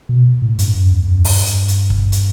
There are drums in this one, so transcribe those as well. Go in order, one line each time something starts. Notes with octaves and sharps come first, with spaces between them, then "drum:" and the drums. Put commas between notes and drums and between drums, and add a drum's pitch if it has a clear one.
B2
A2
G2, drum: hi-hat
F#2
E2
F#2
G2, drum: open hi-hat
drum: hi-hat
drum: hi-hat
drum: kick
drum: hi-hat